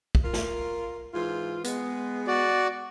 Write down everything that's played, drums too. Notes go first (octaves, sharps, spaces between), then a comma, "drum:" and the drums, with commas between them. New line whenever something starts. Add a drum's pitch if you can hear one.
drum: kick
F4 A#4
drum: snare
G#2 E3 F4
G#3 B3, drum: hi-hat
F#4 D5